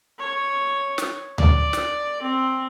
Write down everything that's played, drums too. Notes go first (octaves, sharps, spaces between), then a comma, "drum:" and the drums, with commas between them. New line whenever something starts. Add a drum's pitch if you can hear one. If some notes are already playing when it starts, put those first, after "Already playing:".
C#5
drum: snare
D5, drum: tom D2
drum: snare
C4